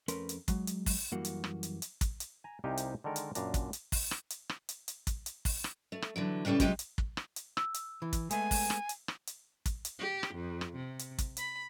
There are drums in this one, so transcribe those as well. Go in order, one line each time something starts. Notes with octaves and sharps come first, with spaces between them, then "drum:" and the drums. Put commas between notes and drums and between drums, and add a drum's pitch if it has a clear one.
F2 A3 C#4 A#4 B4 C6, drum: hi-hat
drum: hi-hat
F#3 G#3, drum: kick, hi-hat
drum: hi-hat
drum: kick, open hi-hat
F#2 E3 G3 A#3 F#4
drum: hi-hat
drum: rim click
drum: hi-hat
drum: hi-hat
drum: kick, hi-hat
drum: hi-hat
G#5 A#5
C2 C3 D#4 G4 F5 G#5
drum: hi-hat
D3 D#3 G#3 A4 A#4
drum: hi-hat
F#2 A#2 D4 A#5, drum: hi-hat
drum: kick, hi-hat
drum: hi-hat
drum: kick, open hi-hat
drum: rim click
drum: hi-hat
drum: rim click
drum: hi-hat
drum: hi-hat
drum: kick, hi-hat
drum: hi-hat
drum: kick, open hi-hat
drum: rim click
A3
drum: rim click
D3 E3 F#3
A2 C#3 G3 A3 B3
C3 F3 F#3 G#3 F4 G4, drum: kick, hi-hat
drum: hi-hat
drum: kick
drum: rim click
drum: hi-hat
E6, drum: rim click
drum: hi-hat
E3
drum: kick, hi-hat
G#3 A3 B3 G#5, drum: hi-hat
drum: kick, open hi-hat
drum: rim click
drum: hi-hat
drum: rim click
drum: hi-hat
drum: kick, hi-hat
drum: hi-hat
G4
drum: rim click
F2
drum: rim click
C3
drum: hi-hat
drum: kick, hi-hat
B5, drum: hi-hat